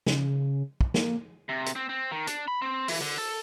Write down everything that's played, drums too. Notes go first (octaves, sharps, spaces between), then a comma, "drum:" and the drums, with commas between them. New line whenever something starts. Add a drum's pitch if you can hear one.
C#3, drum: snare
drum: kick
A#3, drum: snare
C3
drum: hi-hat
C4
C4
D#3
D4, drum: hi-hat
B5
C4
E3, drum: open hi-hat
D3
A4